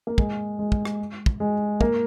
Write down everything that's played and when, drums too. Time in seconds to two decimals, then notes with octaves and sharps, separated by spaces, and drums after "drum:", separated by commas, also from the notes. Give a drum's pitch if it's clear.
0.07 A#3
0.18 G#3, drum: kick
0.59 G#3
0.72 drum: kick
0.85 drum: rim click
1.26 drum: kick
1.40 G#3
1.81 A#3, drum: kick